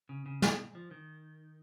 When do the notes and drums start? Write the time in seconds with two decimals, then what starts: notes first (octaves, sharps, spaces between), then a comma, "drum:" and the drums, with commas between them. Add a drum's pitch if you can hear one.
0.09 C#3
0.26 C#3
0.42 B2, drum: snare
0.75 F3
0.91 D#3